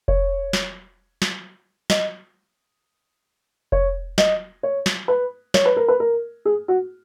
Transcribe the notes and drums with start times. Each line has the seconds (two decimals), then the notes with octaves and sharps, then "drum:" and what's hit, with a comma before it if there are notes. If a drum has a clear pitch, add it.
0.08 C#5, drum: kick F1
0.53 drum: snare
1.22 drum: snare
1.90 D#5, drum: snare
3.72 C#5, drum: kick F1
4.18 D#5, drum: snare
4.63 C#5
4.86 drum: snare
5.08 B4
5.54 C#5, drum: snare
5.66 B4
5.77 A#4
5.88 B4
6.00 A#4
6.45 G#4
6.68 F#4